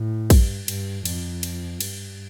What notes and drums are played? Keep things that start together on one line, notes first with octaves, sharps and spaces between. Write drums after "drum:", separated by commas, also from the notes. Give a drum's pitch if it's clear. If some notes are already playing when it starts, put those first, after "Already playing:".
Already playing: A2
G2, drum: kick, cymbal
G2, drum: cymbal
F2, drum: cymbal
drum: cymbal
G2, drum: cymbal